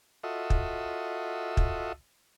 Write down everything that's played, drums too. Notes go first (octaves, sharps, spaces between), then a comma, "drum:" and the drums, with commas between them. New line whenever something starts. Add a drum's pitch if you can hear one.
F4 F#4 A4 D#5 E5
drum: kick
drum: kick